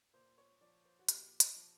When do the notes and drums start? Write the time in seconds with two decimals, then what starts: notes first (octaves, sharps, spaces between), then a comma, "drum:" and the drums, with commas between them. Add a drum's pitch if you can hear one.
0.14 A#2 C5
0.38 C#5
0.61 F3 D5
0.85 C5
0.99 F#4
1.09 A#2 G4, drum: hi-hat
1.40 drum: hi-hat
1.56 F3